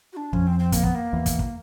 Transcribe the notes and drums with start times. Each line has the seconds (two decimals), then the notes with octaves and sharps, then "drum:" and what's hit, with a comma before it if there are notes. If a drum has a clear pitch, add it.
0.13 F#4
0.17 D4
0.33 F2 C#4, drum: kick
0.47 C4
0.59 C4
0.72 A#3, drum: kick, hi-hat
0.83 B3, drum: kick
0.95 A#3
1.13 E2
1.26 drum: kick, hi-hat
1.39 drum: kick